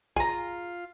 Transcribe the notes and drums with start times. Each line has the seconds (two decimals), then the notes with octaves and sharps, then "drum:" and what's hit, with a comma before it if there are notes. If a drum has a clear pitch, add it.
0.16 F4 G#4 G#5 A#5, drum: kick A#1